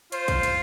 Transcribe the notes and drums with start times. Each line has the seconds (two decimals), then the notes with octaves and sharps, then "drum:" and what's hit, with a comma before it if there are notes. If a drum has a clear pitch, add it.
0.12 F4 C5, drum: hi-hat
0.28 drum: kick, hi-hat
0.43 drum: hi-hat